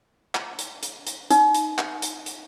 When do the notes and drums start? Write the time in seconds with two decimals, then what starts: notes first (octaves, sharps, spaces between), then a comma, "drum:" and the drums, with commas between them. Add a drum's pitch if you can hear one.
0.35 drum: clap
0.59 drum: hi-hat
0.83 drum: hi-hat
1.07 drum: hi-hat
1.31 D#4, drum: hi-hat
1.54 drum: hi-hat
1.78 drum: clap
2.02 drum: hi-hat
2.26 drum: hi-hat